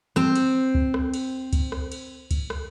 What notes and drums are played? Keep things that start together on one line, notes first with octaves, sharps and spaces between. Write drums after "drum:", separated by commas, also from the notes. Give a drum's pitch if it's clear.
C4 C5, drum: rim click
drum: cymbal
drum: kick C#2
drum: rim click
drum: cymbal
drum: kick C#2, cymbal
drum: rim click
drum: cymbal
drum: kick C#2, cymbal
drum: rim click